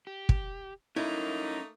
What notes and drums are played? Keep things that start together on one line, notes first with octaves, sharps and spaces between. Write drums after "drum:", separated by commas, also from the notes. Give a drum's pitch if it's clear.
G4
drum: kick
A3 A#3 C#4 D#4 E4 A#4